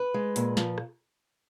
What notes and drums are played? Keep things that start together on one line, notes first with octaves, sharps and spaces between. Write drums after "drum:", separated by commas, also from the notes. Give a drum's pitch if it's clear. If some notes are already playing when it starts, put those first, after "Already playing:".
Already playing: B4
G#3
A#2, drum: hi-hat
F3, drum: snare
drum: rim click